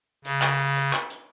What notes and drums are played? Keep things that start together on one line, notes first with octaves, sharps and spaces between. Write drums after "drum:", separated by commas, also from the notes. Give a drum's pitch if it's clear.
C#3, drum: hi-hat
drum: clap
drum: hi-hat
drum: hi-hat
drum: clap
drum: hi-hat